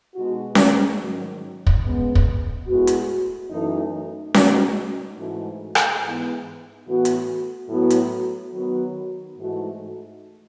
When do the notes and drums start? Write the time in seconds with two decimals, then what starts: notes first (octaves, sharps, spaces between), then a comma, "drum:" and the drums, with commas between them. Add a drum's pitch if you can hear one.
0.15 B2 G#3 D#4 F#4
0.55 drum: snare C#4
0.99 G#2 D#3 F#3
1.66 drum: kick
1.83 C#3 G#3 B3
2.15 drum: kick
2.67 A2 G#3 B3 F#4
2.87 drum: hi-hat
3.50 F#2 E3 A3 D#4
4.34 B2 G#3 D#4 F#4, drum: snare C#4
5.18 G#2 E3 A3 D#4 F#4
5.75 drum: rim click
6.02 G#2 E3 B3
6.86 A2 E3 B3 F#4
7.05 drum: hi-hat
7.69 A2 F#3 B3 F#4
7.90 drum: hi-hat
8.54 D#3 F#3 B3 F#4
9.37 G#2 E3 A3 D#4 F#4